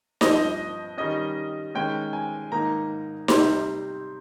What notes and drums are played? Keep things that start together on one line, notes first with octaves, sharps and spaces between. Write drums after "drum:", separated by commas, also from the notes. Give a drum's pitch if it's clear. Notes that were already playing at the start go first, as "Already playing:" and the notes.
G2 F3 C4 D#5, drum: snare D#4
D#3 G3 C#4 D#5
D#3 G#3 C#4 G5
G#5
G#2 D#3 A#3 D#4 A#5
C3 G3 C4 D#4 C6, drum: snare D#4